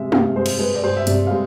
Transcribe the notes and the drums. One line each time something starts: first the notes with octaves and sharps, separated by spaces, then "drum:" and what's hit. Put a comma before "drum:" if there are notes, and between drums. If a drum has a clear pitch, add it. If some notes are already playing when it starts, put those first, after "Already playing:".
Already playing: C3 G#3 E5
C3 F5, drum: tom
G#3 C5
drum: cymbal
G#3 B4
D5
G#3 C5
E5
C3 D5, drum: hi-hat
G#3 F5